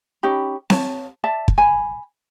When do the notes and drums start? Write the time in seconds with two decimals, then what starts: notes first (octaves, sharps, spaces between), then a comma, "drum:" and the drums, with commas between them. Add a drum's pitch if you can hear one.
0.23 C#4 D#4 G4 B5
0.70 C#5 A5, drum: snare C4
1.24 D5 E5 A5
1.48 drum: kick
1.58 G#5 B5